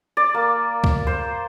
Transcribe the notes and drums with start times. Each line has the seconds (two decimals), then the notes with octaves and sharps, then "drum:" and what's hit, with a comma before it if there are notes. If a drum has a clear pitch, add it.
0.17 D5
0.34 A#3
0.84 drum: kick C#2
1.07 C5